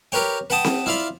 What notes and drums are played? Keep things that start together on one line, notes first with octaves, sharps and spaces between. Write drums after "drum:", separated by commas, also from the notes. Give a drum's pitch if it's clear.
G4 A#4 B4 C#5 G5
B4 F#5 G5 A5 D#6
drum: snare C4
E4 F4 D5 F5 B5